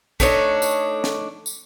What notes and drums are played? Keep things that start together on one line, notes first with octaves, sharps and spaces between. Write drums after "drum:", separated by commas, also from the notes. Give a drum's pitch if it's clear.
A3 D4 D#4 C#5, drum: kick, tambourine
drum: tambourine
drum: snare
drum: tambourine